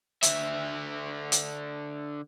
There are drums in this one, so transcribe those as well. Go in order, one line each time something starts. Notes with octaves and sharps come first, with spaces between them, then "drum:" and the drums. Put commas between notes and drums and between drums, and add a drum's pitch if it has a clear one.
D3 E5, drum: hi-hat
drum: hi-hat